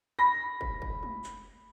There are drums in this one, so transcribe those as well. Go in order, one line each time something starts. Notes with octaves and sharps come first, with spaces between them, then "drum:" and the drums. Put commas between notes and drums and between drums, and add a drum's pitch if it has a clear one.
B5 A#6
drum: kick
drum: kick
drum: tom G#3
drum: clap